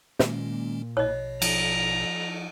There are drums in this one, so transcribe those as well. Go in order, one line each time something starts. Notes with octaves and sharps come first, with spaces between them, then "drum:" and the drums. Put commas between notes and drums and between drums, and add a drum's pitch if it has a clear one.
A#2 D#3 G#3 A#3 C#4, drum: snare
A#1 B2 C#5 D#5
F3 A#5, drum: cymbal